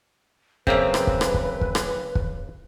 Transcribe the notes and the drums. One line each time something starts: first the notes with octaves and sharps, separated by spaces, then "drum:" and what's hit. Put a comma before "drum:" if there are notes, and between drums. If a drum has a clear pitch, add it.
F#2 C#3 A#3 C4 B4 E5, drum: kick
drum: rim click
drum: kick
drum: rim click
drum: kick
drum: kick
drum: rim click
drum: kick